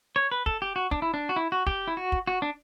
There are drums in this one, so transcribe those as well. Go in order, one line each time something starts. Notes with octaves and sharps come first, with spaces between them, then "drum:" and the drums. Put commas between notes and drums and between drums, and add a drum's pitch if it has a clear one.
C#5
B4
A4, drum: kick
G4
F#4
D4, drum: kick
E4
D4
F#4
E4
F#4
G4, drum: kick
E4
F#4
drum: kick
F#4
D4